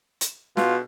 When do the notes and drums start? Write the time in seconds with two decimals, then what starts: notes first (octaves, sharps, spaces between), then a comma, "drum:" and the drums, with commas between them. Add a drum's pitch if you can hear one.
0.21 drum: hi-hat
0.57 B2 F4, drum: snare